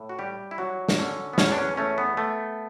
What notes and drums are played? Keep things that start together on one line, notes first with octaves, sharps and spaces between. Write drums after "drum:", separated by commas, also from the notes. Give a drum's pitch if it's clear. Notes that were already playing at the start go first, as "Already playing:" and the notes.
Already playing: A2
F#4
G3 G4
E4
F#3 F#4
drum: snare
D3 C#4
B3
E2 C#4, drum: snare
D4
C#4
A3 C#4
B3
A3